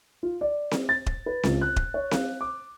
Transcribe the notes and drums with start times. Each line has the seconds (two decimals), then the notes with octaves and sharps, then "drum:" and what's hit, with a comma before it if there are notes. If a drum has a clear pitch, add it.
0.23 F4
0.41 D5
0.71 drum: snare C4
0.89 A6
1.06 drum: kick D#1
1.26 B4
1.43 C#2, drum: snare C4
1.61 F#6
1.76 drum: kick D#1
1.94 C#5
2.11 F5, drum: snare C4
2.41 D6